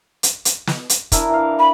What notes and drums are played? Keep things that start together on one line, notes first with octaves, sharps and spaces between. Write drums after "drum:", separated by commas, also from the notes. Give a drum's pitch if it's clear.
drum: hi-hat
drum: hi-hat
drum: snare
drum: hi-hat
D4 E4 A#4, drum: kick, hi-hat
E3 F5
B5